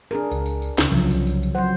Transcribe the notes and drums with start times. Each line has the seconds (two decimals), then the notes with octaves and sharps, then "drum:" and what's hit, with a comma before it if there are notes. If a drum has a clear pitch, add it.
0.11 D4 G#4 A#4
0.32 C#2, drum: tambourine
0.46 drum: tambourine
0.62 drum: tambourine
0.78 D2 C#3, drum: snare
0.91 C2 C#3 F3 F#3
1.11 drum: tambourine
1.27 drum: tambourine
1.43 drum: tambourine
1.55 F#3 C5 F#5